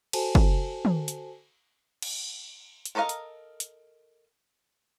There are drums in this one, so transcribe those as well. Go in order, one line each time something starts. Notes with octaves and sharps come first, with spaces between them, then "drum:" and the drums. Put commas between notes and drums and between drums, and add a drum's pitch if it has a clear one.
F#4 A4 C5 G#5 A5, drum: cymbal
drum: kick
drum: tom
drum: hi-hat
drum: cymbal
drum: hi-hat
A4 A#4 C#5 D#5 F5
drum: hi-hat
drum: hi-hat